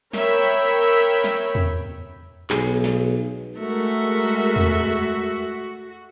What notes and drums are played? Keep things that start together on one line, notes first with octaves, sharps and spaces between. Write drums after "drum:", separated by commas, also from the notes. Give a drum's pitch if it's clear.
A#4 C#5 E5 G5 B5, drum: snare
drum: snare
drum: tom E2
B1 G#4, drum: clap
drum: snare
G#3 A3 F#4 A#4 E5
drum: tom E2